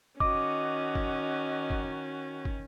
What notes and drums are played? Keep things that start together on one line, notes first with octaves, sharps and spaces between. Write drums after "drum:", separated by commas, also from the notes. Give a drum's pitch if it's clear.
D#3 C#4 F#4 D#5 D6, drum: kick
drum: kick
drum: kick
drum: kick